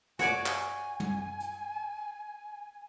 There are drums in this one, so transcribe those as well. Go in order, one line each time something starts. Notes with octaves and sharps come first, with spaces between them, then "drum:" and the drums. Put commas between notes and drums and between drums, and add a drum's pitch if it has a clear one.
F#4 C#5 D5 G#5, drum: snare
drum: clap
drum: tom
drum: hi-hat